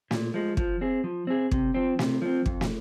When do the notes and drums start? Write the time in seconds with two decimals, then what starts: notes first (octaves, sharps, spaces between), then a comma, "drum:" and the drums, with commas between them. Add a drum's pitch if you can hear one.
0.11 A#2, drum: snare
0.34 F3 G#3
0.57 F3, drum: kick
0.81 C4 G#4
1.04 F3
1.27 C4 G#4
1.51 C3, drum: kick
1.74 F3 C4
1.99 C3, drum: snare
2.22 F3 C4
2.46 F2, drum: kick
2.61 drum: snare